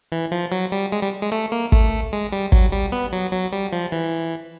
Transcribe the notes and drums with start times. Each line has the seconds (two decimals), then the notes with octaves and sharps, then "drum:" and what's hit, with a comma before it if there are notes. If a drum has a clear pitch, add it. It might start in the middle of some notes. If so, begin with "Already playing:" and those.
0.12 E3
0.32 F3
0.52 F#3
0.72 G3
0.92 G#3
1.02 G3
1.22 G#3
1.32 A3
1.52 A#3
1.72 A3, drum: kick
2.13 G#3
2.32 G3
2.52 F#3, drum: kick
2.72 G3
2.92 B3
3.13 F#3
3.32 F#3
3.53 G3
3.73 F3
3.92 E3